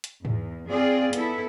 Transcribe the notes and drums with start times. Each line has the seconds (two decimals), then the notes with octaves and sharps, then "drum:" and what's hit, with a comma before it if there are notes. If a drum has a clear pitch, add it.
0.04 drum: hi-hat
0.25 E2, drum: tom G#2
0.68 C4 F4 G#4 D5
1.13 B3 E4 A4, drum: hi-hat